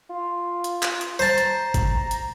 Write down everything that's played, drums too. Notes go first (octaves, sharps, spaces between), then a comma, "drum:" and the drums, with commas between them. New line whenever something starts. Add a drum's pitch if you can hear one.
F4
drum: hi-hat
drum: clap
drum: hi-hat
C5 A5 A#5
drum: hi-hat
drum: kick, hi-hat
drum: hi-hat